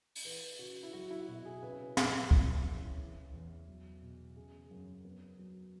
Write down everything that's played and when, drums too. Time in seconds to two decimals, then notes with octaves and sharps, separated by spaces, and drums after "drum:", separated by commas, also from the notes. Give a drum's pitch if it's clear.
0.15 drum: open hi-hat
0.25 E3 B4
0.59 C#3 F#4
0.83 E4
0.93 F#3 F#4
1.11 E4
1.28 B2 F#4
1.45 G#4
1.63 C#3 B4
1.97 F#2, drum: snare
2.31 E3, drum: kick
2.65 C#3
2.99 E3
3.33 E2
3.68 F#3
4.02 B2
4.36 C#3 G#4
4.71 F#2
5.05 B3
5.39 F#3